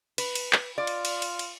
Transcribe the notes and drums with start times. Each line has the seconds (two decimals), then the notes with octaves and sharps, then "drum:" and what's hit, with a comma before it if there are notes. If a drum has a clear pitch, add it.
0.18 B4, drum: cymbal
0.35 drum: cymbal
0.53 drum: clap
0.78 F4 D5
0.87 drum: cymbal
1.05 drum: cymbal
1.22 drum: cymbal
1.39 drum: cymbal